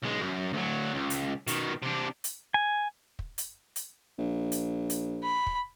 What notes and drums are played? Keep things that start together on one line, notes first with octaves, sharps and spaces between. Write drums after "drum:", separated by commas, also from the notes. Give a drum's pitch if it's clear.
B1 G#3
F#2
D2 F#3
C#2
drum: hi-hat
B2 D#3, drum: hi-hat
C3 D4
drum: hi-hat
G#5
drum: kick
drum: hi-hat
drum: hi-hat
A#1
drum: hi-hat
drum: hi-hat
B5
drum: kick